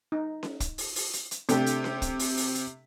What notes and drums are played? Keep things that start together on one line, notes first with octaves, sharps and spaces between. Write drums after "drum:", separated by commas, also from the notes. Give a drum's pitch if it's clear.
D#4
drum: snare C#4
drum: kick, hi-hat
drum: open hi-hat
drum: open hi-hat
drum: hi-hat
drum: hi-hat
C3 A3 D4 G4 A4, drum: hi-hat
drum: hi-hat
drum: snare C#4
drum: kick, hi-hat
drum: open hi-hat
drum: open hi-hat
drum: hi-hat